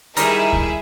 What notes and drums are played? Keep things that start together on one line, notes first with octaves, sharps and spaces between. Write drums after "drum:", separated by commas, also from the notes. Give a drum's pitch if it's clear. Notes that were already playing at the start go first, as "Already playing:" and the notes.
D#3 G3 D#4 E4 G#4 E5 D#6, drum: hi-hat
drum: kick C#2